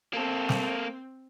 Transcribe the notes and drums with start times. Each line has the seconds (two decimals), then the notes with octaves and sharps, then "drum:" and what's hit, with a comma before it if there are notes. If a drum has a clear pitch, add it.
0.13 A#3 C4 A4
0.49 drum: snare